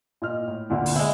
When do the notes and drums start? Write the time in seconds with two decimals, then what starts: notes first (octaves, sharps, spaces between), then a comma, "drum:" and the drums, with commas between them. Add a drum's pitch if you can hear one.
0.22 A#2 D#5 F6
0.48 A2
0.70 D2 A#2 D3
0.86 drum: open hi-hat
0.96 D3 G#3 E4